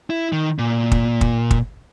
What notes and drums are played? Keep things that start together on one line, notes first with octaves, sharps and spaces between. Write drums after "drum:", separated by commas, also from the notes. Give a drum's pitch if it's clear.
E4
D#3
A#2
drum: kick
drum: kick
drum: kick